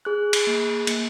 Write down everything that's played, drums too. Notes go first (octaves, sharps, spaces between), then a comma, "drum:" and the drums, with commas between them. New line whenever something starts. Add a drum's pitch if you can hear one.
G#4 F#6
drum: cymbal
A#3
A#3, drum: cymbal